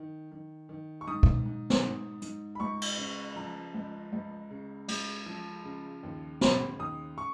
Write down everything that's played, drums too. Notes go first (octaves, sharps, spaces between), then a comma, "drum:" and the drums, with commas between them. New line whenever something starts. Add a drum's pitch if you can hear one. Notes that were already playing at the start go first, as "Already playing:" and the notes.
Already playing: D#3
D#3
D#3
C#6
G#2 D#6
drum: kick
G#2
drum: snare
G#2
G#2, drum: hi-hat
B5
C#2 C#6
drum: cymbal
C#3
F3 A#5
C#2
C#2
C#3
C#2, drum: cymbal
F3
C#3
D#2
C#3 B5, drum: snare
D#2 D#6
C#6